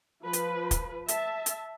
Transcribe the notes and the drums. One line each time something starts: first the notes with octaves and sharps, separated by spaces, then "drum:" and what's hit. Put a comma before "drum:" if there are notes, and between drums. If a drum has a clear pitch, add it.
F3 B4
drum: hi-hat
drum: kick, hi-hat
E5 A5, drum: hi-hat
drum: hi-hat